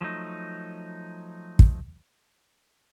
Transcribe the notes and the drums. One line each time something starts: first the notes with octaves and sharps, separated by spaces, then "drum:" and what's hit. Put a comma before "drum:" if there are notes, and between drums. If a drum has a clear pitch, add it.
F3 F#3 A3 D#4
drum: kick